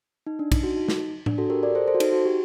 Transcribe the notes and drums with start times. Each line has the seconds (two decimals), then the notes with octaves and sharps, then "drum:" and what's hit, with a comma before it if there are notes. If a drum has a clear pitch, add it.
0.27 D#4
0.39 D4
0.52 D#4, drum: kick, cymbal
0.63 F#4
0.76 D#4
0.88 drum: snare
1.26 D4, drum: tom A2
1.38 F#4 A4
1.50 G4 A#4
1.63 A#4 D5
1.75 A4 C5
1.88 A4 C5
1.94 F#4
2.00 D#4, drum: cymbal
2.13 F#4
2.25 G4